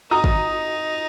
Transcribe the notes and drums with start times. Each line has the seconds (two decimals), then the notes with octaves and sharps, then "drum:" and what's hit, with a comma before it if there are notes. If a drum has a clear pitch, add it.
0.11 D#4 A#5 D#6
0.24 drum: kick